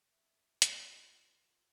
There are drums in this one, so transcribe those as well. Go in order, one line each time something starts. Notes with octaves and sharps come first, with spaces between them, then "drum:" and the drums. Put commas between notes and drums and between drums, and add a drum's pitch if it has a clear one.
E5
B4, drum: hi-hat
F4